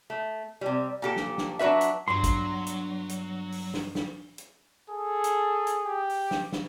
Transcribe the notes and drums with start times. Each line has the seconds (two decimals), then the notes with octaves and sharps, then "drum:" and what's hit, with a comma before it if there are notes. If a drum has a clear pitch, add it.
0.10 A3
0.61 C3 G3
1.02 A#2 G4 A4
1.16 drum: snare
1.38 drum: snare
1.59 F#3 D4 F#4 B4 E5
1.81 drum: hi-hat
2.08 G2 F#3 B3 D4 C6
2.24 drum: kick, hi-hat
2.67 drum: hi-hat
3.09 drum: hi-hat
3.52 drum: open hi-hat
3.74 drum: snare
3.95 drum: snare
4.38 drum: hi-hat
4.90 G#4 A4
5.24 drum: hi-hat
5.67 drum: hi-hat
5.85 G4
6.10 drum: open hi-hat
6.31 drum: snare
6.52 drum: snare